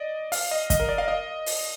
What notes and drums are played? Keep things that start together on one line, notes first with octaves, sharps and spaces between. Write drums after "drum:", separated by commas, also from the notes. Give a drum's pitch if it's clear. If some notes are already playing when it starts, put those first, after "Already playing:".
Already playing: D5 D#5
F5, drum: open hi-hat
D#5
D#5, drum: kick, hi-hat
A#4
D5
F5
D#5
drum: open hi-hat